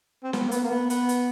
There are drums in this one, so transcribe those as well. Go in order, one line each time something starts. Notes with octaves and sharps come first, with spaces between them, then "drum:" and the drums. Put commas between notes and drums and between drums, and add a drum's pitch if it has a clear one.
C4
B3, drum: snare
A#3
B3, drum: hi-hat
A#3
B3
B3, drum: hi-hat
drum: hi-hat